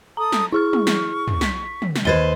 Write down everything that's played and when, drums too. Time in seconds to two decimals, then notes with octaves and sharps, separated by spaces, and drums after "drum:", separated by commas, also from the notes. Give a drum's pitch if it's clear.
0.17 A4 A#5 D#6
0.32 drum: snare
0.52 E4 G#4 C#6 F6
0.73 drum: tom
0.87 drum: snare
1.28 drum: tom
1.41 B6, drum: snare
1.82 drum: tom
1.96 drum: snare
2.05 D#2 B4 C5 G#6 A6 G7